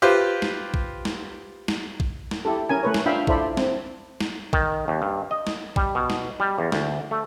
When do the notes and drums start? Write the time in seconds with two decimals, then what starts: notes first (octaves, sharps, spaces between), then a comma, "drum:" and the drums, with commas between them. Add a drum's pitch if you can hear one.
0.02 F4 G4 B4 C5
0.42 drum: snare
0.74 drum: kick
1.05 drum: snare
1.68 drum: snare
2.00 drum: kick
2.31 drum: snare
2.45 E4 G4 A4
2.69 C#4 A#4 G#5
2.83 A3 B4 C#5
2.94 drum: snare
3.06 D4 F4 E5 F5 G5 B5
3.27 E4 A4 C5 D5 B5, drum: kick
3.57 C4, drum: snare
4.21 drum: snare
4.53 D#3, drum: kick
4.88 D#2
5.02 G2
5.31 D#5
5.47 drum: snare
5.76 G3, drum: kick
5.95 B2
6.10 drum: snare
6.40 G3
6.58 E2
6.72 D2, drum: snare
7.11 A3